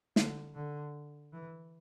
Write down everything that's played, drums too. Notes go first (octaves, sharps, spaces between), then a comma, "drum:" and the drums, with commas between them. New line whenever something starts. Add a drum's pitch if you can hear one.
D3, drum: snare
D3
E3